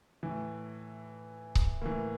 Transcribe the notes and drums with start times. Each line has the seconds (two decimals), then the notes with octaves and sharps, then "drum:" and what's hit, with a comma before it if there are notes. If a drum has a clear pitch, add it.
0.23 A2 E3
1.55 drum: kick C#1
1.81 A2 E3 A#3